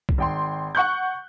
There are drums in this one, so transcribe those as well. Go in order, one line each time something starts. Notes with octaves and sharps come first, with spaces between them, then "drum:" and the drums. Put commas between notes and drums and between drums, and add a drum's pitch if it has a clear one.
drum: kick
G#1 G5 C6
F#5 C#6 F#6 G6